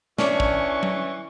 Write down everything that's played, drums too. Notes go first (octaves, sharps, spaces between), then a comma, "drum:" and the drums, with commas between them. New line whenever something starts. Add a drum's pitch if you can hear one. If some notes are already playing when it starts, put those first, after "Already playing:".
E3 C#4 D4 C#6, drum: snare
drum: kick
drum: tom F#3